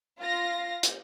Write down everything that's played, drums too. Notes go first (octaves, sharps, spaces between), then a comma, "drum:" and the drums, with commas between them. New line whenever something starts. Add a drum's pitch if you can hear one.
F4 F5 A#6
drum: hi-hat